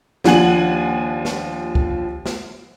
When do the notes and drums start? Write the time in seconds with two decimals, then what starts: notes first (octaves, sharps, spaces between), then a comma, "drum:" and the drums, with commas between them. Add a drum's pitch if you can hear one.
0.24 D#2 F3 D4 F#5 G#5 F#7, drum: snare
1.25 drum: snare
1.75 drum: kick
2.26 drum: snare